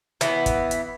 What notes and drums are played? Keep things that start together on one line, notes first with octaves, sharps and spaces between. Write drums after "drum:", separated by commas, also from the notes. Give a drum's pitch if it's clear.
E3 B3, drum: hi-hat
drum: kick, hi-hat
drum: hi-hat